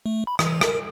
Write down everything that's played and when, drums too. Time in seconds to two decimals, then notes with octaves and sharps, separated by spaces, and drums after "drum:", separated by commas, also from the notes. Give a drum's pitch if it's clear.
0.06 A3
0.27 B5
0.39 E3, drum: rim click
0.61 A#4, drum: rim click